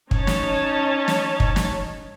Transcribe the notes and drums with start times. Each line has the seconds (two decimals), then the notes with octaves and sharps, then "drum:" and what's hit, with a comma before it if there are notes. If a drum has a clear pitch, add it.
0.11 C#4 D#4 C#5 A5, drum: kick
0.27 drum: snare
1.08 drum: snare
1.40 drum: kick
1.56 drum: snare